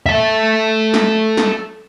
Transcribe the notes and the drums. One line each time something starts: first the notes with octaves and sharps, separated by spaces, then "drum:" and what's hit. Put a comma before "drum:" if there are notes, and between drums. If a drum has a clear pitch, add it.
A4 E5
drum: snare
drum: snare